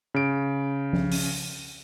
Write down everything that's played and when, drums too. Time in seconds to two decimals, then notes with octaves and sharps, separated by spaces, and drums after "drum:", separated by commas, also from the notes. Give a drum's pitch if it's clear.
0.14 C#3 D7
0.93 drum: tom F3
1.12 drum: open hi-hat